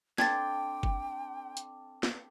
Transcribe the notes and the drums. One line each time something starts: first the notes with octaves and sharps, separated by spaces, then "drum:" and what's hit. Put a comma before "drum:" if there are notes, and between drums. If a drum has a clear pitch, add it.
C4 D4 A4 G5 G#6 A6, drum: snare
drum: kick
drum: hi-hat
drum: snare